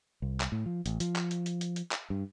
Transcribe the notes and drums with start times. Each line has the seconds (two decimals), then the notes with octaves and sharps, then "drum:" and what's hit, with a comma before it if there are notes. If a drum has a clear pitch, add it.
0.22 C2
0.40 drum: clap
0.52 A2
0.66 F3
0.86 A1, drum: hi-hat
1.00 F3, drum: hi-hat
1.16 drum: clap
1.31 drum: hi-hat
1.46 drum: hi-hat
1.61 drum: hi-hat
1.76 drum: hi-hat
1.91 drum: clap
2.10 G2